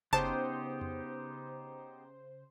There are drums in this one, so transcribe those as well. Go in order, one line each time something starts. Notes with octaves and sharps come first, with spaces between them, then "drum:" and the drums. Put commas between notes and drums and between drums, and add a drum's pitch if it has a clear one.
C#3 B3 D#4 G4 C5 A5, drum: kick F#1
drum: tom F2